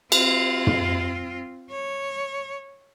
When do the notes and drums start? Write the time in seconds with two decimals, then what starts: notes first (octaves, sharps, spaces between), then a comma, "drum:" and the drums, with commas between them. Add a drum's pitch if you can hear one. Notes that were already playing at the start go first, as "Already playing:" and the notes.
0.12 C4 F4, drum: cymbal
0.67 drum: tom
1.71 C#5